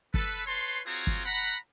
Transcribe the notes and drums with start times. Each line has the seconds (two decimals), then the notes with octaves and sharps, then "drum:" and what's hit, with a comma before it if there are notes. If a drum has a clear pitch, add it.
0.14 A4 B4, drum: kick
0.46 B4 C#5 A5 C6
0.87 C4 F4 F#4 G#4 C#5 A#5
1.07 drum: kick
1.25 F#5 A#5 B5